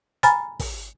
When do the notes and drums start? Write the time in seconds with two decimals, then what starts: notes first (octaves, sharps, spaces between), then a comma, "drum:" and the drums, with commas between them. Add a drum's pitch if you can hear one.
0.23 G#5 A#5 B5 F6 A6, drum: hi-hat
0.59 drum: kick, open hi-hat